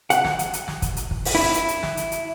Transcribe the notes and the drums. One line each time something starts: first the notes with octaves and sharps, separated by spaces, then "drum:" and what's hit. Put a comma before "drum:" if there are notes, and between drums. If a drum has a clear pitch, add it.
F#5, drum: hi-hat
drum: snare
drum: hi-hat
drum: hi-hat
drum: snare
drum: kick, hi-hat
drum: hi-hat
drum: kick
drum: open hi-hat
E4
drum: hi-hat
drum: hi-hat
drum: snare
drum: hi-hat
drum: hi-hat